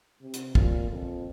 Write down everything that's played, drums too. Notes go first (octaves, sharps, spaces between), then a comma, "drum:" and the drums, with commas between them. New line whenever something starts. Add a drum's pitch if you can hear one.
C3
drum: hi-hat
A#2, drum: kick
F2